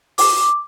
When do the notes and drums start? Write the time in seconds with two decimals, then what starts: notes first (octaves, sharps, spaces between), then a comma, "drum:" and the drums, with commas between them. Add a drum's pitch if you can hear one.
0.18 D6, drum: open hi-hat